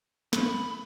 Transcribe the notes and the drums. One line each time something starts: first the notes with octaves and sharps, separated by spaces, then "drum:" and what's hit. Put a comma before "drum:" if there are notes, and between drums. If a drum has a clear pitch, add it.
B5, drum: snare